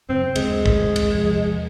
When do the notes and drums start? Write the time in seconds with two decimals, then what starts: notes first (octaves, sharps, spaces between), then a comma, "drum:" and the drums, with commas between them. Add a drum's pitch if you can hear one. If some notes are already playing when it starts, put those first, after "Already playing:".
0.09 F#2 C#3 C4
0.36 D2 D3 G#3, drum: cymbal
0.66 drum: kick
0.96 drum: cymbal
1.14 E2 C3 F3